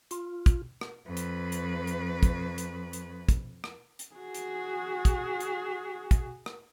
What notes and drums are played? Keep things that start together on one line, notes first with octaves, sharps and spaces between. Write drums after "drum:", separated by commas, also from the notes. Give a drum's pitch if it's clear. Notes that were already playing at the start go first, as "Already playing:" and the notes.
F4, drum: hi-hat
drum: kick, hi-hat
drum: rim click
F2 B4
drum: hi-hat
drum: hi-hat
drum: hi-hat
drum: kick, hi-hat
drum: hi-hat
drum: hi-hat
drum: kick, hi-hat
drum: rim click
drum: hi-hat
F#4 G#4
drum: hi-hat
drum: kick, hi-hat
drum: hi-hat
drum: kick, hi-hat
drum: rim click